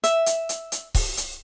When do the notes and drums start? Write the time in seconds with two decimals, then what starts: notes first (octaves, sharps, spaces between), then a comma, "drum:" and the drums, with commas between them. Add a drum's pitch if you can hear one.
0.04 E5, drum: hi-hat
0.26 drum: hi-hat
0.49 drum: hi-hat
0.72 drum: hi-hat
0.95 drum: kick C#1, open hi-hat
1.17 drum: hi-hat